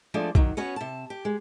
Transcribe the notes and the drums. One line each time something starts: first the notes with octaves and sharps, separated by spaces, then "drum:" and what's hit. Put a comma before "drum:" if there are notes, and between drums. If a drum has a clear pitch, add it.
F3 G#3 A3 D4
D#3 F#3, drum: kick
B3 C#4 F#4 C#5
C3 A5
G4
G#3